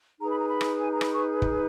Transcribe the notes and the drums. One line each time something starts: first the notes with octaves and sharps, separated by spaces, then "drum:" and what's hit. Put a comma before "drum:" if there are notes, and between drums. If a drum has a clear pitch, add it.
D#4 G#4 B4 A#5
B5
A#5
B5
drum: rim click
G#5
A#5
B5, drum: rim click
C#6
drum: kick